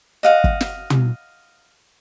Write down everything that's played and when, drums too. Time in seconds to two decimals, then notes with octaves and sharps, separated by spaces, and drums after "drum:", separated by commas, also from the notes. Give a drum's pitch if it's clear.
0.23 D#5 F5 F#5
0.44 drum: kick
0.61 drum: snare
0.90 drum: tom